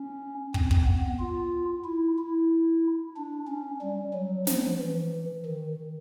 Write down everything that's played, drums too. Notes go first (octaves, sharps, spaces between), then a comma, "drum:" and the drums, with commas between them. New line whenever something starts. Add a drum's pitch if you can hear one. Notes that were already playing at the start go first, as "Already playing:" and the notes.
Already playing: C#4
C4, drum: kick
drum: kick
B3
F4
E4
E4
D4
C#4
G3
F#3
F3, drum: snare
E3
D#3